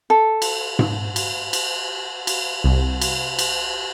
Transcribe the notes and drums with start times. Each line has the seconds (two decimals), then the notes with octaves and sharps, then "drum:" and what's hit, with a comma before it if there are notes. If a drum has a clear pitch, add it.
0.10 A4
0.42 drum: cymbal
0.79 drum: tom G#2
1.16 drum: cymbal
1.53 drum: cymbal
2.27 drum: cymbal
2.64 C2
3.01 drum: cymbal
3.39 drum: cymbal